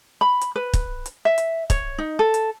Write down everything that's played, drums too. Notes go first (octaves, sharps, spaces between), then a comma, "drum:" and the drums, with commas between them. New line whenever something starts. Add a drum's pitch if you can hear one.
B5
drum: hi-hat
B4
drum: kick, hi-hat
drum: hi-hat
E5
drum: hi-hat
C#5, drum: kick, hi-hat
D#4
A4
drum: hi-hat